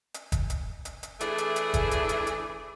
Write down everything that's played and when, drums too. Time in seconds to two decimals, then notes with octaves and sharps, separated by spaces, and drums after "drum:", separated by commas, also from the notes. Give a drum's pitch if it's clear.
0.14 drum: hi-hat
0.32 drum: kick, hi-hat
0.50 drum: hi-hat
0.85 drum: hi-hat
1.03 drum: hi-hat
1.21 E3 A3 D4 G#4, drum: hi-hat
1.38 drum: hi-hat
1.56 drum: hi-hat
1.74 drum: kick, hi-hat
1.91 drum: hi-hat
2.09 drum: hi-hat
2.27 drum: hi-hat